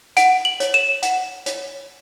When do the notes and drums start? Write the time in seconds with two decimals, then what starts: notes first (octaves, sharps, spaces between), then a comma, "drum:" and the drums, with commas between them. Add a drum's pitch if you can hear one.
0.17 F#5 D7, drum: hi-hat
0.45 F#7
0.60 C#5, drum: hi-hat
0.74 E7
1.03 F#5, drum: hi-hat
1.46 C#5, drum: hi-hat